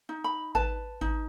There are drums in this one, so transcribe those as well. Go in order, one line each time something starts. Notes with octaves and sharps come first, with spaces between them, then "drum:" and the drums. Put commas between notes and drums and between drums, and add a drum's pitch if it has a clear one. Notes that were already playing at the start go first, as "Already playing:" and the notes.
D#4
B5
B4 A5, drum: kick G#1
D#4, drum: kick G#1